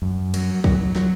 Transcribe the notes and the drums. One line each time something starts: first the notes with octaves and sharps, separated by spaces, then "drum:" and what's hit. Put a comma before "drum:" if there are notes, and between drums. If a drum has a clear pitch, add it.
F#2
F#3, drum: cymbal
F#3, drum: kick
F#3, drum: snare